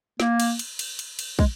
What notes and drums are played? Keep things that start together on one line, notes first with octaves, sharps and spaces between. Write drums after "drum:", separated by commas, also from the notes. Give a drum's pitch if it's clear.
A#3, drum: snare
drum: cymbal
drum: cymbal
drum: cymbal
drum: cymbal
drum: cymbal
G#3, drum: kick